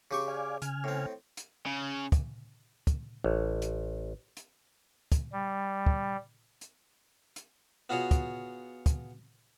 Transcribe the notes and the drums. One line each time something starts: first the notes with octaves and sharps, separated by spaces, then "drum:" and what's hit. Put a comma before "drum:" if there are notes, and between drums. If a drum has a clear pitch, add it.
C#3 G4 C#6
D5 F5 G#5
C#3 G#5 F6, drum: hi-hat
A2 C4
drum: hi-hat
C#3
drum: kick, hi-hat
drum: kick, hi-hat
A1
drum: hi-hat
drum: hi-hat
drum: kick, hi-hat
G3
drum: kick
drum: hi-hat
drum: hi-hat
B3 F4 F#4 G#4 C#5
drum: kick, hi-hat
drum: kick, hi-hat